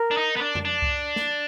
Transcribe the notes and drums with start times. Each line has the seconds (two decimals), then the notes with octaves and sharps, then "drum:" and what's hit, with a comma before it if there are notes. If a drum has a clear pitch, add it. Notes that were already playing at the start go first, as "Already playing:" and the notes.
Already playing: A#4
0.11 D4
0.17 D#4
0.36 B3
0.41 D4
0.55 drum: tom F2
0.65 D4
0.82 drum: kick C2
1.16 drum: snare